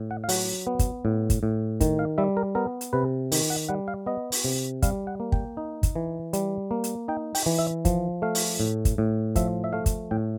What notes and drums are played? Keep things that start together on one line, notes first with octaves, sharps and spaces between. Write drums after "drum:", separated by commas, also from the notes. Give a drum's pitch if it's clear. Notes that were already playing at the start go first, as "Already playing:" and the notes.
Already playing: A2
F#5
F5
F#3 F#5, drum: open hi-hat
B3
drum: kick, hi-hat
A2
drum: kick, hi-hat
A2
D#3, drum: kick, hi-hat
F5
G3 E5
A#4
B3 A#4
drum: hi-hat
C3 B4
D#3, drum: open hi-hat
F#5
G3 F#5
F5
B3 D#5
drum: open hi-hat
C3
G3 F5, drum: kick, hi-hat
F#5
A#3
G5, drum: kick
D#4
drum: kick, hi-hat
E3
G3, drum: hi-hat
A#3
drum: hi-hat
D#4 G5
G5, drum: open hi-hat
E3
E5
F3, drum: kick, hi-hat
A3 F5
drum: open hi-hat
A2
drum: kick, hi-hat
A2
F3 E5, drum: kick, hi-hat
E5
A3 F5
drum: kick, hi-hat
A2 G5